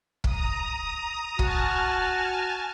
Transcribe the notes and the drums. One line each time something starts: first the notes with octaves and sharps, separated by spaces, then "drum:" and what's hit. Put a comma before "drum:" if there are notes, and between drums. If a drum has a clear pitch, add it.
A#5 D#6, drum: kick
F#4 G#5 A5 F6, drum: kick